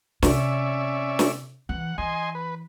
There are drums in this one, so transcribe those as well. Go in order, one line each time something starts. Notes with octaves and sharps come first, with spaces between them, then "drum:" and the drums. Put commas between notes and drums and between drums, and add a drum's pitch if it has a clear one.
C3 C#4 D5 E5, drum: snare
drum: snare
E3 F#5
E3 D#5 G#5 C6
B4